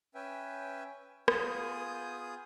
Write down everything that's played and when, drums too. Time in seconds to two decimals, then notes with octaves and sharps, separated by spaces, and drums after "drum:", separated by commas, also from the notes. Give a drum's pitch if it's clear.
0.15 C#4 B4 E5 G5 G#5
1.28 B3 F4 G#4 G#5 D#6 G6, drum: rim click